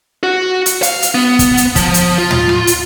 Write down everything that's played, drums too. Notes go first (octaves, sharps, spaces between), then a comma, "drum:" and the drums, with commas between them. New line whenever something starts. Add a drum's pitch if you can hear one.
F#4
drum: hi-hat
F5, drum: hi-hat
drum: hi-hat
B3
drum: kick, hi-hat
drum: hi-hat
F3, drum: kick, hi-hat
drum: hi-hat
F4
drum: tom
drum: rim click
drum: hi-hat